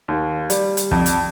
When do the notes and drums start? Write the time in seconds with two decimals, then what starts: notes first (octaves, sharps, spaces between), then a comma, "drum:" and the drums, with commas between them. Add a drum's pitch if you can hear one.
0.08 D#2
0.50 G3, drum: hi-hat
0.77 drum: hi-hat
0.91 F2, drum: kick
1.06 drum: hi-hat